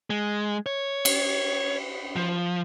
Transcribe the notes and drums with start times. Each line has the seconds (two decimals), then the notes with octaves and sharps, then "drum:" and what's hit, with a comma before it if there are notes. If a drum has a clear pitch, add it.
0.10 G#3
0.66 C#5
1.05 drum: cymbal
2.16 F3